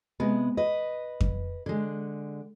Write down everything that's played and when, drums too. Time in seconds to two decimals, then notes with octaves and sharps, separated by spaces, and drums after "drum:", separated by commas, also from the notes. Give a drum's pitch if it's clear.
0.20 C3 G#3 B3
0.57 B4 D#5
1.21 drum: kick F2
1.66 D3 G#3